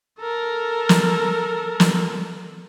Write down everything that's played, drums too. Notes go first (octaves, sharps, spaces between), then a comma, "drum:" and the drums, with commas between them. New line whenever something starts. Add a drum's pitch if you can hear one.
A4 A#4
drum: snare
drum: snare